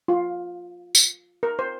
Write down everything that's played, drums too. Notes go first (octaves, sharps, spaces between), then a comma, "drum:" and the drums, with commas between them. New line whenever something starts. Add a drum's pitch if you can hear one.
F4
drum: tambourine
A#4
C5